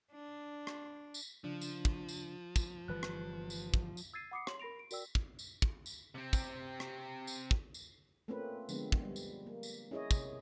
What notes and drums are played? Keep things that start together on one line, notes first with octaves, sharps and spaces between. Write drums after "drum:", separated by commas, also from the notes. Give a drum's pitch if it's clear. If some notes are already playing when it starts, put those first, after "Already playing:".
D4
drum: rim click
drum: tambourine
C#3 F3 D4
drum: tambourine
drum: kick
drum: tambourine
drum: kick, tambourine
G1 E3 G3 B4 F#6
drum: rim click
drum: tambourine
drum: kick
drum: tambourine
E6 G#6 A6 C7 D#7
F#5 B5 D6 D#6 C7 C#7
C#5 C6 F#7, drum: rim click
A#4 B5 A#6 D7 F7
D7
F#4 A#4 D5 G5 E6, drum: tambourine
drum: kick
drum: tambourine
drum: kick
drum: tambourine
C3 C4
drum: kick, tambourine
drum: rim click
drum: tambourine
drum: kick
drum: tambourine
A3 A#3 C4 C#4 F4 B4
D3 F3 G#3 B3 C4, drum: tambourine
drum: kick
G3
drum: tambourine
A#3
drum: tambourine
C#4 E4 G#4 C#5 D#5
C3, drum: kick, tambourine